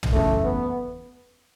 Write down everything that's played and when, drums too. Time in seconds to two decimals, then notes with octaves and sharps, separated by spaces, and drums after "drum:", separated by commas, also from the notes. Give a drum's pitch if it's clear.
0.03 drum: tom
0.12 F#1 E2 C#3 A3
0.44 B3